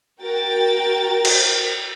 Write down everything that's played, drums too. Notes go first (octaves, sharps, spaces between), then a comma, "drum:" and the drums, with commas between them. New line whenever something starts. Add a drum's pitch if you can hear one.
F#4 A#4 G5 A6
drum: cymbal